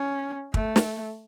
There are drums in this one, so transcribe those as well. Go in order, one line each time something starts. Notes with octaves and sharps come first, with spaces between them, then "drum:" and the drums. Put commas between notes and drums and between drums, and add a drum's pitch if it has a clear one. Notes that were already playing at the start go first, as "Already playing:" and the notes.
Already playing: C#4
A3, drum: kick
drum: snare